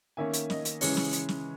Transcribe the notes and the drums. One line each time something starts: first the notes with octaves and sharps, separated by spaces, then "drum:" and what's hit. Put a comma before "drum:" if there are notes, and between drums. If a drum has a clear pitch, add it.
D#3 A#3 C#4 E5 G#5
drum: hi-hat
D#5, drum: snare
drum: hi-hat
C#3 E3 G#3 C#4, drum: open hi-hat
drum: snare
drum: hi-hat
drum: snare